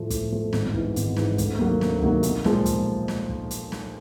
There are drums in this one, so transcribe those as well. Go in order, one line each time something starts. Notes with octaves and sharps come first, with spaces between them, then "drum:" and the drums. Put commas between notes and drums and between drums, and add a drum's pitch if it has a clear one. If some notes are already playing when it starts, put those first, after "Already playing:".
Already playing: A2 F3 A3
A2, drum: kick, hi-hat
F3 A3
G#1, drum: snare
G#2 E3, drum: kick
G#1, drum: hi-hat
G#2 E3, drum: snare
D2, drum: kick, hi-hat
C3 D#3 F#3 A#3
D2, drum: snare
C3 D#3 F#3 A#3, drum: kick
B1, drum: hi-hat
A#2 F3 G#3, drum: snare
drum: kick, hi-hat
drum: snare
drum: kick
drum: hi-hat
drum: snare